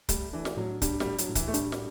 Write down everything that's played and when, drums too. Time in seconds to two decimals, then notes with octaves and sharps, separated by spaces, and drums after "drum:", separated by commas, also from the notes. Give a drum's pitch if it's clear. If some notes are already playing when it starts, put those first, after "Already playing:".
0.09 G3 A3, drum: kick C#1, hi-hat
0.33 E3 D4
0.45 drum: snare
0.57 A2 F#3
0.82 G3 D4, drum: kick C#1, hi-hat
1.00 G3, drum: snare
1.06 A2
1.18 F#3, drum: hi-hat
1.29 A2
1.35 E3, drum: kick C#1, hi-hat
1.48 A3
1.54 G3 D4, drum: hi-hat
1.72 drum: snare